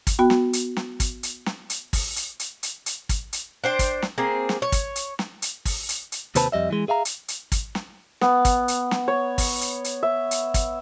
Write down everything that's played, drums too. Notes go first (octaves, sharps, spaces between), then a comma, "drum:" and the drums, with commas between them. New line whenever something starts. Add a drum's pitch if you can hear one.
drum: kick, hi-hat
B3 F#4 G5
drum: snare
drum: hi-hat
drum: snare
drum: kick, hi-hat
drum: hi-hat
drum: snare
drum: hi-hat
drum: kick, open hi-hat
drum: hi-hat
drum: hi-hat
drum: hi-hat
drum: hi-hat
drum: kick, hi-hat
drum: hi-hat
D4 C5 G5
drum: kick, hi-hat
drum: snare
A#3 C4 G#4
drum: snare
C#5
drum: kick, hi-hat
drum: hi-hat
drum: snare
drum: hi-hat
drum: kick, open hi-hat
drum: hi-hat
drum: hi-hat
D#2 C3 C4 B4 A5, drum: hi-hat
F2 G3 D#5 E5
E3 G#3
G#4 E5 F5 A#5
drum: hi-hat
drum: hi-hat
drum: kick, hi-hat
drum: snare
B3, drum: snare
drum: kick, hi-hat
drum: hi-hat
drum: snare
C#5
drum: kick, open hi-hat
drum: hi-hat
drum: hi-hat
E5
drum: hi-hat
drum: kick, hi-hat